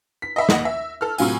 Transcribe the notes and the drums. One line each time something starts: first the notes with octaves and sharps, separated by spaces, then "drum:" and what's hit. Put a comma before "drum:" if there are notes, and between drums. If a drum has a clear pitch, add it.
B6
D#5 E5 B5
A1 D#2 D#5 F#5 A#6, drum: snare
E5
A4 E6 F6
A2 C3 F#3 F4 G#5, drum: tambourine